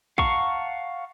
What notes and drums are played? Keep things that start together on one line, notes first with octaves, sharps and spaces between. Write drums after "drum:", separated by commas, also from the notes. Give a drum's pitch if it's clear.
F5 F#5 A5 A#5 C#6, drum: kick